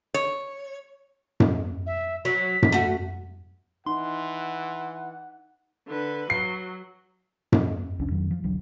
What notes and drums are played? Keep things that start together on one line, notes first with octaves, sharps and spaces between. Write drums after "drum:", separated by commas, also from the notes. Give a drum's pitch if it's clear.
C#5
drum: tom F#2
E5
F#3 B6
drum: tom F#2
A3 F#4
E3 D#4 F#5 C6
D3 B4
F#3 C7
drum: tom F#2
C2 F2 C#4 D4
F2 D#3 F#3
F3
E1 B1 D3 F#3